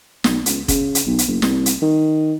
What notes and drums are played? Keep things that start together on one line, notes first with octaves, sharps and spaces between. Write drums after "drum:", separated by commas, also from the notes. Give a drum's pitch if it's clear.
B1, drum: snare
C#2, drum: hi-hat
C#3, drum: kick F1, hi-hat
drum: hi-hat
B1
drum: hi-hat
F#1
C2, drum: snare
drum: hi-hat
D#3